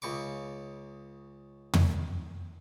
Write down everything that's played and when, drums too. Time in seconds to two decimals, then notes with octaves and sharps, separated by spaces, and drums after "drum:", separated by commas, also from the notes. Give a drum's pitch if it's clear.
0.02 C#2 C#3 C#6 D6
1.74 drum: tom